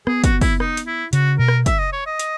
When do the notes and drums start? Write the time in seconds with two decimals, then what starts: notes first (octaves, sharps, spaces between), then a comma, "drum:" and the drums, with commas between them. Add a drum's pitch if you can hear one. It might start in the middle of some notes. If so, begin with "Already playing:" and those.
0.07 B3 G#4, drum: rim click
0.24 F#4, drum: kick, hi-hat
0.41 E4, drum: kick, open hi-hat
0.60 D#4, drum: rim click
0.77 drum: hi-hat
0.87 E4
1.13 C#3 F#4, drum: hi-hat
1.39 B2 A#4
1.48 drum: rim click
1.66 E5, drum: kick, hi-hat
1.79 D#5
1.92 C#5
2.06 D#5
2.19 drum: hi-hat